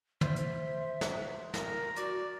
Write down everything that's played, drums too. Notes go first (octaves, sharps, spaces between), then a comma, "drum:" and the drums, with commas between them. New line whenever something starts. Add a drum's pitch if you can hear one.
C5 E5, drum: tom
drum: hi-hat
drum: snare
A#4 A#5, drum: snare
F#4 D5, drum: hi-hat